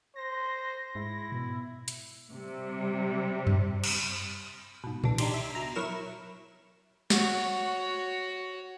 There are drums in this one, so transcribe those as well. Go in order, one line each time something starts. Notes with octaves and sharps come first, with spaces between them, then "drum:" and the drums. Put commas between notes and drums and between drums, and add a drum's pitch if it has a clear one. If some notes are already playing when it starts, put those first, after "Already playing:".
C5 A#6
G#2 E4
B2
drum: hi-hat
C3 G3
drum: tom F#2
drum: cymbal
G#2 B2
C2 E3 D4, drum: tom A#2
D4 D#4 G4 C6, drum: cymbal
E5
B2 A#5
F#3 E4 A#4 C#6 E7
F#4 C#5, drum: snare